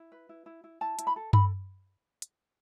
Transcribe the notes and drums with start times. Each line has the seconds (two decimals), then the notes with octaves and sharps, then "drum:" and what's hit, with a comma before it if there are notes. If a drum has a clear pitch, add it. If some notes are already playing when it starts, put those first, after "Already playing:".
Already playing: E4
0.12 B4
0.29 E4
0.46 E4
0.64 E4
0.81 E4 A5
0.99 E4, drum: hi-hat
1.07 B5
1.16 A4
1.33 A4 B5, drum: tom G2
2.22 drum: hi-hat